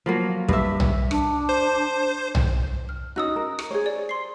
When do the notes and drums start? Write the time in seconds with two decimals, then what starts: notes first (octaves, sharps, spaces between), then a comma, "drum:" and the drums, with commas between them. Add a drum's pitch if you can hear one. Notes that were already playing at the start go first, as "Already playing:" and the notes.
0.06 F3 F#3 A#3
0.49 G2 G4 E5, drum: kick
0.80 drum: tom B1
1.11 D4, drum: rim click
1.49 C5
2.35 drum: tom B1
2.89 F6
3.16 C#4 D#4 F#4 D#6 E6 F#6
3.36 A#4
3.59 drum: rim click
3.71 G#4 C5 C#5
3.86 D5
4.09 C6 C7